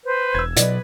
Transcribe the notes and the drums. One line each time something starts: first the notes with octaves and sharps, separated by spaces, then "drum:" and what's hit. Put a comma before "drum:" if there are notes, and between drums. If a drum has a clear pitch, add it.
B4 C5
E1 E6 G#6
B2 F#3 B4 D5 D#5, drum: hi-hat